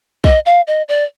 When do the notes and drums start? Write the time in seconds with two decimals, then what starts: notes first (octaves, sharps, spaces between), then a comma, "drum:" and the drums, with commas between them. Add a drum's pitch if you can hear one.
0.24 D#5, drum: kick B1
0.46 F5
0.67 D#5
0.88 D5